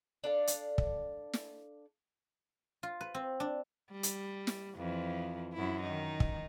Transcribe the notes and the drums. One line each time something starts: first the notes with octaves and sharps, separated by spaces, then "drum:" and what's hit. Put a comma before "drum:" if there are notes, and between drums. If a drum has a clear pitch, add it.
D4 A4 F5
drum: hi-hat
drum: kick
drum: snare
F4
B4
C4
D4
G3
drum: hi-hat
drum: snare
F2 E3 F3
F#2 E4
D#3 D#4
drum: kick